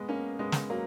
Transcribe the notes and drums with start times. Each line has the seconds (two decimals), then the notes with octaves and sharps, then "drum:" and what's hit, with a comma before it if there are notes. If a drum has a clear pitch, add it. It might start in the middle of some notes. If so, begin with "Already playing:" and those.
Already playing: G#3 B3
0.09 A#3 C#4
0.39 G#3 B3
0.52 drum: snare
0.70 F#3 A#3